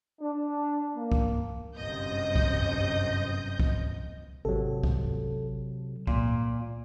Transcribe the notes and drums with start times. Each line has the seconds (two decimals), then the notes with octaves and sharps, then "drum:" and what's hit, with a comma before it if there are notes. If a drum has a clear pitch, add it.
0.21 D4
0.95 A#3
1.12 drum: kick C2
1.77 G1 F#2 C3 D#5 G6
2.36 drum: kick C2
3.59 drum: kick C2
4.45 G#1 C3 F#3 A4
4.83 drum: kick C2
6.07 A#2, drum: kick C2